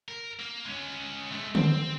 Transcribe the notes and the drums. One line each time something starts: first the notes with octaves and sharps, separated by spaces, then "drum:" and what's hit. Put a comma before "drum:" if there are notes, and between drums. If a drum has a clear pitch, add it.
A#4
A#3
G#3 C#4
G#3 A3
C4, drum: tom D3